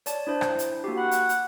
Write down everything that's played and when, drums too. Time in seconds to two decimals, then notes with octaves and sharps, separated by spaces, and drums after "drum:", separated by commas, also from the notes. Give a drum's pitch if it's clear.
0.06 C#5 D5 A5, drum: hi-hat
0.27 D4 E4 C5
0.41 drum: rim click
0.59 drum: hi-hat
0.84 A#3 F#4 G4
0.98 F#5 B5
1.11 drum: hi-hat
1.29 drum: hi-hat